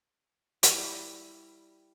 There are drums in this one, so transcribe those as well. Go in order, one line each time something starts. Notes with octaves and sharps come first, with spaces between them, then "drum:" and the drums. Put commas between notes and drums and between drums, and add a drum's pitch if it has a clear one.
G3 E4, drum: hi-hat